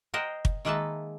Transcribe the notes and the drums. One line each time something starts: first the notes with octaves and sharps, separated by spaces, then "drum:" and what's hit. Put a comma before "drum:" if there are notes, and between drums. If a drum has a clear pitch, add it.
A#4 C5 D#5 F#5 G5
drum: kick
D#3 G#3 A#3 B4 E5 A5